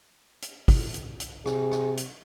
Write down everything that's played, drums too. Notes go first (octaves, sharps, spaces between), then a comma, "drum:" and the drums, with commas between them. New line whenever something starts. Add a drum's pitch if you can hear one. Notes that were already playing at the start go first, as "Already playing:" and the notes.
drum: hi-hat
drum: kick, open hi-hat
drum: hi-hat
drum: hi-hat
C3 G#4, drum: rim click
drum: rim click
drum: hi-hat